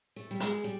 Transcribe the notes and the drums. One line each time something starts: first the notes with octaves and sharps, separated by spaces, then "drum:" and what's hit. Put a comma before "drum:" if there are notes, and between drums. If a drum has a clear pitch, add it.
A3
G3
G#3, drum: hi-hat
G3